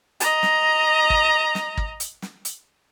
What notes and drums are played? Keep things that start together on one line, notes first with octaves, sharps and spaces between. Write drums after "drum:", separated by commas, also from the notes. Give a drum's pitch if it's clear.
D#5 A#5, drum: hi-hat
drum: snare
drum: kick
drum: snare
drum: kick
drum: hi-hat
drum: snare
drum: hi-hat